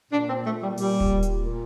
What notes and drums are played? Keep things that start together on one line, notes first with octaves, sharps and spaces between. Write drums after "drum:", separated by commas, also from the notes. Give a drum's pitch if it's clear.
A#2 D4
C4
A#2 A3
G3
A#2 G3, drum: open hi-hat
drum: kick D#1
A#2
drum: hi-hat
A#2